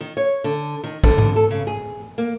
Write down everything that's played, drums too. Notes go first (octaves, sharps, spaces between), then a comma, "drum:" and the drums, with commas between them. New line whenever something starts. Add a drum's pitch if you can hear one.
D#3
C#5
D3
D#3
D3, drum: kick
drum: tom G#2
A4
C#3
G#4
A#3